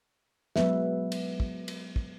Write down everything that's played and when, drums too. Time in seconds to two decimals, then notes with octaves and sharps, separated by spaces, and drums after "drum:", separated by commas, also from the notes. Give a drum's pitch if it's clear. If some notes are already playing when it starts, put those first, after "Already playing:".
0.56 F#3 G#3 B3 B4 E5, drum: snare
1.12 drum: cymbal
1.40 drum: kick
1.68 drum: cymbal
1.96 drum: kick